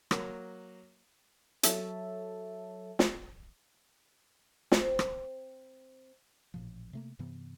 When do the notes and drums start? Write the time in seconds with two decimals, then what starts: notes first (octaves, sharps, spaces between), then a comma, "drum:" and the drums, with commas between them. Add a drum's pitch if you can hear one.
0.11 F#3 A#3, drum: rim click
1.63 F#3 A4 C#5 E5 A5, drum: hi-hat
2.99 drum: snare
4.72 C4 C5, drum: snare
4.99 drum: rim click
6.54 A1 A#2 F3
6.93 C3 A3 A#3
7.19 G2 C3 E3 B3